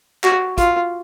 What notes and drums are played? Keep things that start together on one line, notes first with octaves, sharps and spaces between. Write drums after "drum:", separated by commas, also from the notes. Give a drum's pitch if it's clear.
F#4, drum: clap
F4, drum: kick, hi-hat